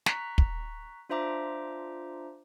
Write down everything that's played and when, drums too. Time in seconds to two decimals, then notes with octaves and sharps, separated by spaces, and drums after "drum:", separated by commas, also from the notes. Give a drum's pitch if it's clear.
0.06 A#5 C#6 F#6 B6, drum: snare
0.38 drum: kick
1.09 D4 F4 C5 E5 A#5 D6